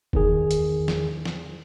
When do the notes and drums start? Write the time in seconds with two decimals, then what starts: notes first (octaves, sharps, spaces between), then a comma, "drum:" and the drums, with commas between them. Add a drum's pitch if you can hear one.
0.13 E2 D#3 G#4, drum: kick F1
0.51 drum: hi-hat
0.88 drum: snare
1.25 drum: snare